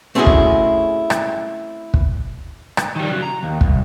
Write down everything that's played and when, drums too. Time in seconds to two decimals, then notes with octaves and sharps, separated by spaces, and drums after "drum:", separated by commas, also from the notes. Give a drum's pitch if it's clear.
0.15 A3 C4 C#4 E4 F#4 G#4
0.27 drum: kick
1.10 drum: rim click
1.94 drum: kick
2.77 drum: rim click
2.96 D#3 G3
3.10 C#3 F#3
3.22 A#5
3.43 D#2
3.61 C2, drum: kick